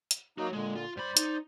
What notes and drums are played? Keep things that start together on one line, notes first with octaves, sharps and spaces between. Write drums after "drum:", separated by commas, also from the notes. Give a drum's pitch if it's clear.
drum: hi-hat
F#3 A#3 D#4 F#4 C#5
A#2 D3 G#3
F4
G2 C5 D5 B5
D#4, drum: hi-hat